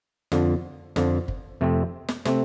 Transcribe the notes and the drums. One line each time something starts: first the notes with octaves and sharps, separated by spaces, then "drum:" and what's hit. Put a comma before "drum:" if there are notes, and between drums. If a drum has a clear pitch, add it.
F2 D3 F3, drum: snare
F2 D3 F3, drum: snare
drum: kick
F2 C3 A3 C4
drum: snare
C3 A3 C4, drum: snare